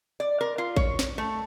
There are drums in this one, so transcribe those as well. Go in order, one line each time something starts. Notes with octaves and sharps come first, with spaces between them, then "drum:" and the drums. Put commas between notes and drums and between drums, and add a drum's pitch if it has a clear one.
D5
A#4
F4
C#5, drum: kick A1
drum: snare
A3